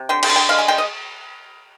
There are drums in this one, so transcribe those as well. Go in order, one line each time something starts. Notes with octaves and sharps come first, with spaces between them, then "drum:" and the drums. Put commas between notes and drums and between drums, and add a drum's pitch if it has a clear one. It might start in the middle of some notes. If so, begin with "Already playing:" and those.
Already playing: C3
D3 G5
G5, drum: cymbal
D3
G5
G#3 F5
G#5
G#3 G5
D#5